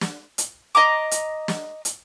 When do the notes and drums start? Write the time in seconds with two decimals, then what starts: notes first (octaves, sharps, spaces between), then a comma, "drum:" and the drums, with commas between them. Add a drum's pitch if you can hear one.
0.01 drum: snare
0.38 drum: hi-hat
0.75 D#5 A#5 D6
1.11 drum: hi-hat
1.48 drum: snare
1.85 drum: hi-hat